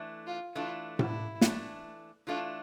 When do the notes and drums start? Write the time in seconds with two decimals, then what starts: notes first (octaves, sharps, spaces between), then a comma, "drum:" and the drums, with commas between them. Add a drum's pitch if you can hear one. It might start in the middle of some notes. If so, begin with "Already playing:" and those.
Already playing: E3 A3 D4
0.27 F4
0.55 E3 A3 D4 F4
0.99 E4, drum: tom A2
1.41 E3 A3 D4, drum: snare
2.27 E3 A3 D4 F4